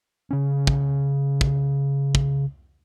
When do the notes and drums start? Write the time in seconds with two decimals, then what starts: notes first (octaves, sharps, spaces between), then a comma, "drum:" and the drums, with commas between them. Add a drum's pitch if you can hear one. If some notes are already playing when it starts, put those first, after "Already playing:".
0.31 C#3 C#4
0.67 drum: kick
1.41 drum: kick
2.15 drum: kick